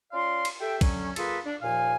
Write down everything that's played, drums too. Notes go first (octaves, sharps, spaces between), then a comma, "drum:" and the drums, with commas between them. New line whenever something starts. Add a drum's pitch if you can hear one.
C#4 F4 D5 F5 C6
drum: cymbal
G4 A4 E5 G5
D3 F#3 C#4, drum: kick, cymbal
A#3 F4 G#4 A4 B4, drum: cymbal
D4
D#2 A#2 F3 F5 G#5